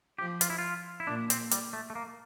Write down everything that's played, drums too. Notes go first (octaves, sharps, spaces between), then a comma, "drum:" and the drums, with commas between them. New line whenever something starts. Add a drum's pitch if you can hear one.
F3 G4
F4, drum: hi-hat
E4
F4
E4
A#2 D4
C4, drum: hi-hat
G3, drum: hi-hat
A3
A3
A#3